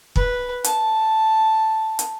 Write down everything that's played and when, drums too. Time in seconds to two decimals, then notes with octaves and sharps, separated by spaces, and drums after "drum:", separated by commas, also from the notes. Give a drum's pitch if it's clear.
0.16 B4, drum: kick
0.64 A5, drum: hi-hat
1.99 drum: hi-hat